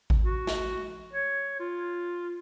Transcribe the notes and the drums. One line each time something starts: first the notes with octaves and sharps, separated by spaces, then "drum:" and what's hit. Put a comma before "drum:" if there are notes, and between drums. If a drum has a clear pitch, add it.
drum: kick G#1
F#4
drum: snare
C#5
F4